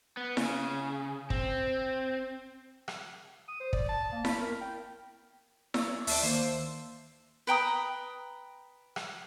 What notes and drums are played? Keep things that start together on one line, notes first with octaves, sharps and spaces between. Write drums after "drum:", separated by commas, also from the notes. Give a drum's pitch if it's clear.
B3
C#3, drum: snare E4
C4, drum: kick
drum: rim click
D#6
C5
D5, drum: kick
A5
A#3
B5, drum: snare E4
A#4
G5
G4 C#5 D5 E6, drum: snare E4
D2 A4 D5 E5 C7, drum: open hi-hat
D#3 A#3 C5
B4 G5 A#5 D#6
drum: rim click